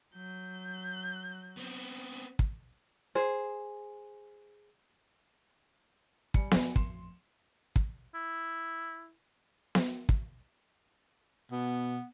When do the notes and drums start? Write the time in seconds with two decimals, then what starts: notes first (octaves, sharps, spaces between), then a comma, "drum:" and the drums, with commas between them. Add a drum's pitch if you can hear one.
0.15 F#3 G6
1.57 B3 C4
2.39 drum: kick
3.15 G#4 C5
6.34 G3 G#5 C#7, drum: kick
6.51 A#1 F2 B4 D5 G#5, drum: snare B3
6.76 A1 F2 C6 E7, drum: kick
7.76 drum: kick
8.15 E4
9.75 drum: snare B3
10.09 drum: kick
11.52 B2 B3